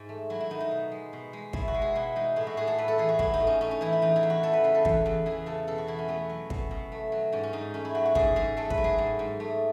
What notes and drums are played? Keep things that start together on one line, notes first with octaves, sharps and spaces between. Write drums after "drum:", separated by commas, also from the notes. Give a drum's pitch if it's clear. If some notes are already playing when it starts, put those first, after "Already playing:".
Already playing: G#2
A3
F#3 E4
E4
D#3 D#4
D#4
B2
G#3
B2
G#3
B2 E4, drum: kick
F#4
G#3
G#4
B2 E4
G#3 D#4
A2 E4
F#4
A2 G#4
A4
A3 B4
A4
E3 G#4
F#4
A2 E4, drum: kick
D#4
A2
C#4
A3 C#4
D#4
E3 E4
E4
E2 D#4
E4
E2
F#4
E3 A4
B4
C#3 B4
A4
E2, drum: kick
E2
E3 G#4
C#3 A4
B2 A4
F#4
B2 E4
C#4
A3 B3
F#3
B2, drum: kick
B2
A3
F#3
G#2 C#4
C#4
G#2 D#4
A3 C#4
E4
F#3 F#4
F#4
G#2 G#4, drum: kick
G#2 G#4
A3 A4
B4, drum: kick
F#3
G#4
G#2
G#2
A3